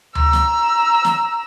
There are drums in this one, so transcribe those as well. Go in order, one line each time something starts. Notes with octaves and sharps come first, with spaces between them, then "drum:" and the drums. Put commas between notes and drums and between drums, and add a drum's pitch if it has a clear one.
A#5 E6, drum: tom D2
drum: snare
drum: snare